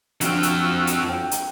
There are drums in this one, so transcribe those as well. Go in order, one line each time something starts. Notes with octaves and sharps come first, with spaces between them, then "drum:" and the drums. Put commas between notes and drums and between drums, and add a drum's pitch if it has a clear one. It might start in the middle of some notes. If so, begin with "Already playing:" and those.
F2 F3 D4 F#4 G5 E6 F6, drum: hi-hat
drum: hi-hat
drum: hi-hat
G5
drum: hi-hat